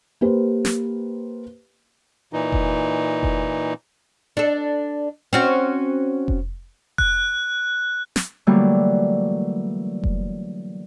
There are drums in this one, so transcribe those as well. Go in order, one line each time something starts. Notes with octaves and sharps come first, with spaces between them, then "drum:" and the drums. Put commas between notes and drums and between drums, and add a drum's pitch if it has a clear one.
A#3 G4 B4 C5
drum: snare
A#2 E3 D#4
drum: kick F1
drum: kick F1
D4 A4
C4 C#4 F#4
drum: kick F1
F#6, drum: kick F1
drum: snare
D3 E3 F#3 G3 A3 A#3
drum: kick F1